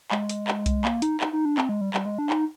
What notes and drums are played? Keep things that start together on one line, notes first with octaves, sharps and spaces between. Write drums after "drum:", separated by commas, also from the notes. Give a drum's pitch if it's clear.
G#3, drum: clap
drum: hi-hat
drum: clap
drum: kick C2, hi-hat
A#3, drum: clap
D#4, drum: hi-hat
D#4, drum: clap
D#4
D4
C4, drum: clap
G#3
G3
G3, drum: clap
G#3
D4
D#4, drum: clap